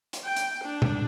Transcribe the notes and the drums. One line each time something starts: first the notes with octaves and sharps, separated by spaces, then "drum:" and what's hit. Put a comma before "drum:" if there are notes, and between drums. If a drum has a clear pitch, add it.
drum: hi-hat
G5
drum: hi-hat
D4
drum: tom B2